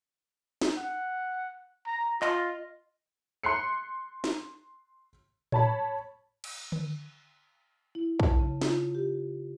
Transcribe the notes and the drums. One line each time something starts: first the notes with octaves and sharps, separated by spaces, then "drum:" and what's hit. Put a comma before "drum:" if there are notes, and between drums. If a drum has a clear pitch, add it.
drum: snare
F#5
A#5
F4 D#5, drum: clap
C6 F#6 C7 C#7
drum: snare
C#5 A5 B5, drum: tom A2
drum: cymbal
drum: tom D3
E4
A5, drum: kick
C#3
F4, drum: snare
G4